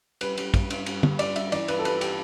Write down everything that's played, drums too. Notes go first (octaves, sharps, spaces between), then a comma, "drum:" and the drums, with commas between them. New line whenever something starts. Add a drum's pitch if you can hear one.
G3 B4, drum: cymbal
G3, drum: cymbal
G2, drum: kick, cymbal
G2, drum: cymbal
G3, drum: cymbal
G3, drum: tom
G2 D5, drum: cymbal
G2 E5, drum: cymbal
E3 D5, drum: cymbal
G2 B4, drum: cymbal
A4
G3 B4, drum: cymbal
G4, drum: cymbal